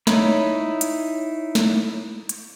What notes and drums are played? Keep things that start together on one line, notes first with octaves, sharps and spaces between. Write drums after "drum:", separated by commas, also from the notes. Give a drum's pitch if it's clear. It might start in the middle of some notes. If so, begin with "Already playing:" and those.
D#4 E4 C#5 B5, drum: snare
drum: hi-hat
drum: snare
drum: hi-hat